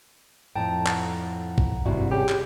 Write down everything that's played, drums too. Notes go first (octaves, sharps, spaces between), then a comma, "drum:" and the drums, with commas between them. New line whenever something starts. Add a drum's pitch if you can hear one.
F2 A2 G5 A5 A#5
F#5 A#5, drum: clap
drum: kick
G#1 G2 C3 E4 F#4
C#4 G4 G#4
drum: clap